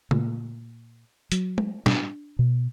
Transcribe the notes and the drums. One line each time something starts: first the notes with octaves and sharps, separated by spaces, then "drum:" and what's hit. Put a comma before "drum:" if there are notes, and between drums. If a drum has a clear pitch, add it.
A#2, drum: tom
F#3, drum: hi-hat
drum: tom G#3
D4, drum: snare
B2